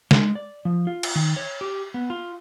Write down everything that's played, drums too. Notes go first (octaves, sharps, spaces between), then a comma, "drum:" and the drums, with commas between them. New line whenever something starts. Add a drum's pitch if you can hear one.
G#3, drum: snare
D5
F3
F4
drum: cymbal
D#3
C#5
G4
B3
F4